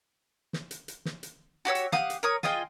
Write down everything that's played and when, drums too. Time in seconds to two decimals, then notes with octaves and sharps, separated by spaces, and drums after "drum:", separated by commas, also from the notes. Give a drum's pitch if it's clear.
0.53 drum: snare
0.71 drum: hi-hat
0.88 drum: hi-hat
1.05 drum: snare
1.23 drum: hi-hat
1.65 F#4 G4 C#5 E6
1.75 drum: hi-hat
1.92 G4 F5 F#5 D#6, drum: snare
2.10 drum: hi-hat
2.23 A#4 C#5 D#6
2.43 F4 G#4 D#5 G5, drum: snare